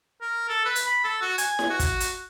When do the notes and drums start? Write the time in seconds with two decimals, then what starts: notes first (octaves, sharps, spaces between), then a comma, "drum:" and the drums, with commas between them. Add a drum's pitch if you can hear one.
0.21 A#4
0.49 A4
0.65 B4
0.76 drum: hi-hat
0.86 B5
1.04 A4
1.21 F#4
1.38 G#5, drum: hi-hat
1.59 drum: snare E4
1.70 F#4
1.80 drum: kick, hi-hat
2.00 drum: hi-hat